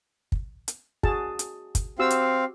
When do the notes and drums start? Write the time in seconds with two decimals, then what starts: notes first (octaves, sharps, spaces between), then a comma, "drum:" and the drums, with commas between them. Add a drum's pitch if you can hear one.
0.32 drum: kick
0.68 drum: hi-hat
1.03 F#4 G#4 A5, drum: kick
1.39 drum: hi-hat
1.75 drum: kick, hi-hat
1.99 C4 F#4 G4 F5 E6
2.10 drum: hi-hat